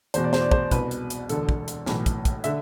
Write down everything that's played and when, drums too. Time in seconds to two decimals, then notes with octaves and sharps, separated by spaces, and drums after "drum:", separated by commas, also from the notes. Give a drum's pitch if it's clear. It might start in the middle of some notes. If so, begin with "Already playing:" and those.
0.14 E1 E2 B2 C5, drum: hi-hat
0.24 D5
0.33 C5, drum: snare
0.41 D5
0.51 C5, drum: kick
0.71 C2 B2 B4, drum: kick, hi-hat
0.91 drum: hi-hat
1.10 drum: hi-hat
1.29 E1 D2 D3 A4, drum: hi-hat
1.49 drum: kick
1.68 drum: hi-hat
1.86 B1 A2 E3, drum: snare
2.06 drum: kick, hi-hat
2.25 drum: kick, hi-hat
2.44 D3 E5, drum: hi-hat